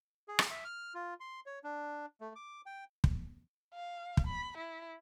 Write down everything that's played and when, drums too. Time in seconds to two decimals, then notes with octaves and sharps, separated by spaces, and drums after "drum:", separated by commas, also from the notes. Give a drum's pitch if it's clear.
0.28 G#4
0.39 drum: rim click
0.51 E5
0.65 F6
0.95 F4
1.20 C6
1.46 C#5
1.64 D4
2.21 A3
2.36 D6
2.66 G5
3.04 drum: kick
3.74 F5
4.17 drum: kick
4.27 B5
4.57 E4